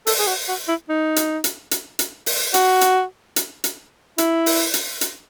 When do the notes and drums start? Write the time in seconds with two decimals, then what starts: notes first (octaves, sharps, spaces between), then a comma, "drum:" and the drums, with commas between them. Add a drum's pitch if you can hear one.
0.07 A4, drum: open hi-hat
0.19 G#4
0.27 F#4
0.48 F#4
0.68 E4
0.89 D#4
1.16 drum: hi-hat
1.44 drum: hi-hat
1.71 drum: hi-hat
1.99 drum: hi-hat
2.26 drum: open hi-hat
2.54 F#4, drum: hi-hat
2.81 drum: hi-hat
3.36 drum: hi-hat
3.64 drum: hi-hat
4.18 E4, drum: hi-hat
4.46 drum: open hi-hat
4.74 drum: hi-hat
5.01 drum: hi-hat